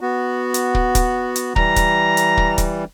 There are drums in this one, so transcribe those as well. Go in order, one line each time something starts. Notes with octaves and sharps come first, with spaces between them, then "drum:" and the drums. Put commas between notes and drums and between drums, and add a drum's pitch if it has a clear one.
B3 F#4
drum: hi-hat
drum: kick
drum: kick, hi-hat
drum: hi-hat
E3 G3 A#5, drum: kick
drum: kick, hi-hat
drum: hi-hat
drum: kick
drum: kick, hi-hat